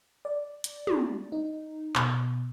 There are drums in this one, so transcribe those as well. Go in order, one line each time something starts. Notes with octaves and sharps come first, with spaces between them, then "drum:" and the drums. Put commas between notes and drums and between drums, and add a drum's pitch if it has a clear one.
D5
drum: hi-hat
drum: tom
D#4
B2, drum: clap